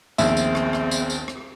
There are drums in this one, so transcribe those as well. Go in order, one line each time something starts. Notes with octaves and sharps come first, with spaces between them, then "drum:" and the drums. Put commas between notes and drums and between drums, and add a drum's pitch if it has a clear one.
A#1 D#2 B3 C4 G#4 E5, drum: tambourine
drum: tambourine
drum: rim click
drum: rim click
drum: tambourine
drum: tambourine
drum: rim click